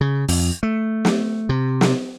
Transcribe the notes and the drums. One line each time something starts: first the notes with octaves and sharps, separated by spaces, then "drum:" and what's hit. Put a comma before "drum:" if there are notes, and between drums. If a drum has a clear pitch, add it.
C#3
F2, drum: open hi-hat
A3
drum: snare
C3
drum: snare